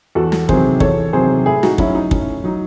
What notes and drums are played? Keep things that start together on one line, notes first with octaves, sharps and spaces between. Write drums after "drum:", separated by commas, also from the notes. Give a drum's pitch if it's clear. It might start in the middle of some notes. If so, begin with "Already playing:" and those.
E2 F#4 A4
drum: snare
C3 D#3 F#3 G#4 C5, drum: kick
E2 A4 C#5, drum: kick
C3 D#3 F#3 G#4 C5
A2 E4 G#4
D#4 F#4, drum: snare
F#3 C#4 E4, drum: kick
D#4
A2 C#4, drum: kick
F#3 D#4